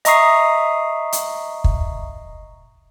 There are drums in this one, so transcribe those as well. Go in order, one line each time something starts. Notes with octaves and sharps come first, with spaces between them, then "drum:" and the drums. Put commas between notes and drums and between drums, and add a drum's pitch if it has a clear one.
D#5 E5 A#5 C#6 D#6 C7, drum: hi-hat
drum: hi-hat
drum: kick